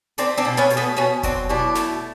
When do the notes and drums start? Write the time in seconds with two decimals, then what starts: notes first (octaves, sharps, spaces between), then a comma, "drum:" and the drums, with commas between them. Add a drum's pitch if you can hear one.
0.18 A3 C4 D4, drum: hi-hat
0.38 C4 D4
0.45 B2
0.57 B3 C#4
0.70 B2, drum: hi-hat
0.77 A3 B3
0.97 B2 B3 C#4
1.23 F#3 C4 D4, drum: kick F1, hi-hat
1.49 B2 D4 E4
1.75 A3, drum: snare